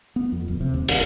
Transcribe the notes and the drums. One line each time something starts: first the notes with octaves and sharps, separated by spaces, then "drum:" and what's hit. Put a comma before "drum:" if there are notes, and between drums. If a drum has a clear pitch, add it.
B3
F2
D1
C3
D#2
D#1, drum: cymbal